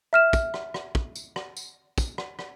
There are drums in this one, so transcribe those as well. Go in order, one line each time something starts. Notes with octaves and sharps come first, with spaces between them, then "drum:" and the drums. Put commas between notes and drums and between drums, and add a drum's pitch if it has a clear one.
E5 F6 E7
drum: kick, tambourine
drum: rim click
drum: rim click
drum: kick
drum: tambourine
drum: rim click
drum: tambourine
drum: kick, tambourine
drum: rim click
drum: rim click